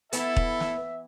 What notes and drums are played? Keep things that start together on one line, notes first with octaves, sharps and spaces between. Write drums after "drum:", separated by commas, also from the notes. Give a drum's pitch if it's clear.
E3 B3 E4 A4 E5, drum: hi-hat
drum: kick E1
drum: snare